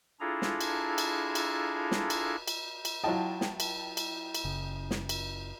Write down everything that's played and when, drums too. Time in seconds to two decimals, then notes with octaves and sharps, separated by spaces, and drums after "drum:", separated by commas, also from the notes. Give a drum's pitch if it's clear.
0.20 D4 E4 F4 G#4 A4 A#5
0.42 drum: snare
0.61 drum: cymbal
0.98 drum: cymbal
1.35 drum: cymbal
1.91 drum: snare
2.10 drum: cymbal
2.48 drum: cymbal
2.85 drum: cymbal
3.04 F#3 E4 F4 D#5 G5 A5
3.41 drum: snare
3.60 drum: cymbal
3.97 drum: cymbal
4.35 drum: cymbal
4.45 F#1 C#3
4.91 drum: snare
5.09 drum: cymbal